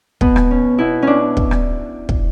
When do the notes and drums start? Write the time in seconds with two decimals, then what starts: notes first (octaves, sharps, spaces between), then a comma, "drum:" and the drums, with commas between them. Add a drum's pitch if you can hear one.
0.21 B2 B3, drum: kick
0.36 drum: rim click
0.51 C#4
0.78 B2 E4
1.02 C#4 D4
1.37 drum: kick
1.51 drum: rim click
2.09 drum: kick